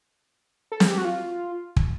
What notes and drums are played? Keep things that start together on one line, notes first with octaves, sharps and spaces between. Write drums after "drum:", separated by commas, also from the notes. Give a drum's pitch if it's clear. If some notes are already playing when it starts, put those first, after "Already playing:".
A4
G#4, drum: snare
G4
F#4
F4
drum: kick